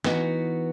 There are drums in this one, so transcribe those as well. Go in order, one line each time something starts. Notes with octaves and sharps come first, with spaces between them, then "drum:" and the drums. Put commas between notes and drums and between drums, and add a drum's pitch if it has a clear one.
E3 B3 D#4 F#4, drum: snare